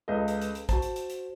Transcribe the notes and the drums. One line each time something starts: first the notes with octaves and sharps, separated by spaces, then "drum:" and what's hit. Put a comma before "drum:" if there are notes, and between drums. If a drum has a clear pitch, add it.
C#2 A4 B4 D#5
drum: hi-hat
drum: hi-hat
drum: hi-hat
F#4 C5 A5, drum: kick, hi-hat
drum: hi-hat
drum: hi-hat
drum: hi-hat